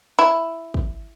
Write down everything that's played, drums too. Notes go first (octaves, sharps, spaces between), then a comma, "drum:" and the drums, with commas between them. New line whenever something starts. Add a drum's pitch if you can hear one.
E4
drum: kick